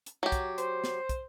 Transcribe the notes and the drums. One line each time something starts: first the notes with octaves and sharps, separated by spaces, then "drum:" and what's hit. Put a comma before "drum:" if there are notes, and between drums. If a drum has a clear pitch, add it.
drum: hi-hat
F#3 G4
drum: kick, hi-hat
C5, drum: hi-hat
drum: snare
drum: kick, hi-hat